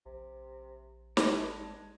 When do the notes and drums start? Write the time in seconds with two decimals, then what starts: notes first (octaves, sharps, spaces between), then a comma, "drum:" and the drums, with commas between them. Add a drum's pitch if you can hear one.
0.06 A#1 C3
1.17 G#1 G#3 D4, drum: snare